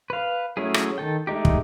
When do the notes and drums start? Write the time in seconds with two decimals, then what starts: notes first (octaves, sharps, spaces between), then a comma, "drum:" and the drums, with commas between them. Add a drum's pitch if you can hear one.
0.10 B4 F5
0.57 F#3 A3 C#4 E4 G#4
0.74 drum: rim click
0.98 D#3 A4 G5
1.27 G#3 A3 D#4 G4
1.45 drum: kick